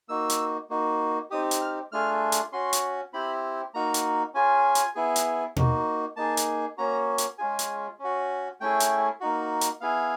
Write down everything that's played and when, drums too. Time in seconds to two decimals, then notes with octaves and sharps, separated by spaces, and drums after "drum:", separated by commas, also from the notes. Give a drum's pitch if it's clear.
0.09 A#3 D#4 F#4 E6
0.30 drum: hi-hat
0.70 A#3 D#4 F#4
1.30 C4 D#4 G4 D#6
1.51 drum: hi-hat
1.61 F6
1.92 A3 D4 F4 G#4 F6
2.32 drum: hi-hat
2.52 C#4 F#4 C6
2.73 drum: hi-hat
3.13 C4 E4 G4 B5
3.74 A#3 D#4 F#4 A#5
3.94 drum: hi-hat
4.34 C#4 F4 G#4 G#5
4.75 drum: hi-hat
4.95 B3 E4 G#4
5.16 drum: hi-hat
5.56 A#3 D#4 F#4, drum: tom B2
6.16 A#3 D#4 G#4 A5
6.37 drum: hi-hat
6.78 A#3 C#4 F#4 A#5
7.18 drum: hi-hat
7.38 G#3 C#4 F4 G#4 G#5
7.59 drum: hi-hat
7.99 C#4 F#4
8.61 A3 C#4 E4 G#4 G5
8.80 drum: hi-hat
9.20 A#3 D#4 F#4
9.61 drum: hi-hat
9.81 B3 E4 G#4 F5